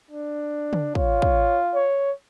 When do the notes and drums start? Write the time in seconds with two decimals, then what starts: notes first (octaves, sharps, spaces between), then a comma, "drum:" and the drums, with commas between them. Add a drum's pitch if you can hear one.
0.11 D4
0.73 drum: tom C#3
0.95 F4 C#5, drum: kick
1.22 drum: kick
1.74 C#5